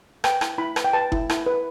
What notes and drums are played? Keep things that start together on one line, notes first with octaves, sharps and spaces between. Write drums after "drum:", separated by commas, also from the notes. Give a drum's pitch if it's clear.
B4 G5, drum: rim click
E4, drum: rim click
E4 B5
B4, drum: rim click
G5
B4 A5
E4, drum: kick F#1
E4, drum: rim click
B4